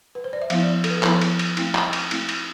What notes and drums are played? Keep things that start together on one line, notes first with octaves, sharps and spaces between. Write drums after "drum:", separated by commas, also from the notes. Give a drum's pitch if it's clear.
B4
C5
D5
E5
F3 B3 E4 F5, drum: cymbal
D5
A4, drum: cymbal
B4
A4
F3 B3 E4 B4, drum: clap
drum: cymbal
drum: cymbal
A3 C4 E4, drum: cymbal
drum: clap
drum: cymbal
A3 C4 E4, drum: cymbal
drum: cymbal